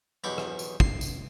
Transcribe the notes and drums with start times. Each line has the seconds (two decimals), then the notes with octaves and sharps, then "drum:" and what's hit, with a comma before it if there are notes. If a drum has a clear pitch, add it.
0.24 B1 E2 B2 E4 G4 D6
0.38 drum: rim click
0.59 drum: tambourine
0.80 C6, drum: kick
1.01 drum: tambourine